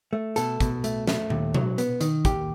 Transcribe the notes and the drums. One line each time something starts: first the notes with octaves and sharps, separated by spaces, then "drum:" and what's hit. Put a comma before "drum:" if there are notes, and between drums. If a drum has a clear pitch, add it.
A3
B2 A4, drum: hi-hat
B2, drum: kick, hi-hat
A3, drum: hi-hat
A3, drum: snare
D#2, drum: tom A#2
F#3, drum: tom B2
B3, drum: hi-hat
D#3, drum: hi-hat
D#2 G4, drum: kick, hi-hat